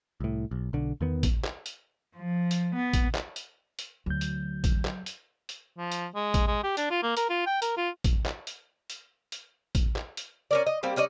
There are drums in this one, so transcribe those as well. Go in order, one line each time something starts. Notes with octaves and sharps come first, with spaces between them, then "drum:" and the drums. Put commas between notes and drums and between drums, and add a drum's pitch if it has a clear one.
C2 A2
B1
B1 D3
E2 D#3 B3
drum: kick A1, hi-hat
drum: clap
drum: hi-hat
F3
drum: hi-hat
B3
drum: kick A1, hi-hat
drum: clap
drum: hi-hat
drum: hi-hat
D2 F#3 G6
drum: hi-hat
drum: kick A1, hi-hat
drum: clap
drum: hi-hat
drum: hi-hat
F3
drum: hi-hat
G#3
drum: kick A1, hi-hat
G#3
G4
D4, drum: hi-hat
F4
A#3
A#4, drum: hi-hat
F4
G5
A#4, drum: hi-hat
F4
drum: kick A1, hi-hat
drum: clap
drum: hi-hat
drum: hi-hat
drum: hi-hat
drum: kick A1, hi-hat
drum: clap
drum: hi-hat
C#4 A#4 D5
D#5
G3 A#3 C4 G4
G3 C#4 D5 D#5